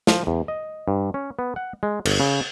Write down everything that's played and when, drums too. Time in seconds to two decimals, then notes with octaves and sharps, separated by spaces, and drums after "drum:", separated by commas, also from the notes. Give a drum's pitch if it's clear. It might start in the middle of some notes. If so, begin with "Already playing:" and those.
0.07 F3, drum: snare
0.27 E2
0.48 D#5
0.88 G2
1.14 C#4
1.39 B3
1.56 F#5
1.83 G#3
2.05 G1, drum: cymbal
2.20 C#3